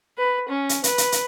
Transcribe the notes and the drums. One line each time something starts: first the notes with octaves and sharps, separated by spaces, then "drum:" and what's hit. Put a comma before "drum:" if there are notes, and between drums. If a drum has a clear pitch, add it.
B4
C#4
drum: hi-hat
B4, drum: hi-hat
drum: hi-hat
drum: hi-hat